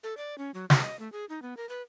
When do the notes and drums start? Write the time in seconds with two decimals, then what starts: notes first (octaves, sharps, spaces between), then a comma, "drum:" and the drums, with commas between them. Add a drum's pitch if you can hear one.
0.03 A4
0.17 D5
0.38 C#4
0.54 F#3
0.70 F#4, drum: snare
0.82 D#5
0.99 A3
1.12 G#4
1.29 D#4
1.42 B3
1.57 A#4
1.69 B4